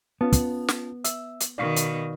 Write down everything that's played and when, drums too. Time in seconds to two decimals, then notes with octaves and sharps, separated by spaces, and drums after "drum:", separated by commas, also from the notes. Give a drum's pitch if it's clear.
0.21 B3 C#4 F4 A5
0.33 drum: kick, hi-hat
0.68 drum: snare
1.04 E5 E6, drum: hi-hat
1.40 drum: hi-hat
1.58 B2 D#3 D5 F5 C#6
1.76 drum: hi-hat